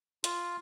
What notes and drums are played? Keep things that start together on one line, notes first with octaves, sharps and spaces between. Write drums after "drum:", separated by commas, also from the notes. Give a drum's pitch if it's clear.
F4, drum: hi-hat